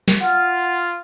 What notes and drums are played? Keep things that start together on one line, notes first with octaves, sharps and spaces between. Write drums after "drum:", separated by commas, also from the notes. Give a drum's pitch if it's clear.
drum: snare
F4 F#5 F6